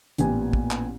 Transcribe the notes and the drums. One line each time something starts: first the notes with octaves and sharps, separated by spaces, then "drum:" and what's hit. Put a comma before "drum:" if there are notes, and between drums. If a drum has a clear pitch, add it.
A1 A#2 B3 G4 G#5, drum: hi-hat
drum: kick
drum: clap